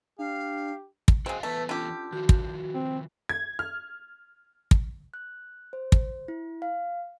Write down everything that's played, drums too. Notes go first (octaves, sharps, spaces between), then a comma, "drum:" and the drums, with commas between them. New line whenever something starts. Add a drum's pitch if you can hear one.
D4 G4 F5
drum: kick
G#3 C4 F#4 G#4 F5
E3 A3 B3 A4 B4
D3 C#4 F4 G4
D#3 F3 F#4
drum: kick
C4
G#6
F6
drum: kick
F#6
C5
drum: kick
E4
F5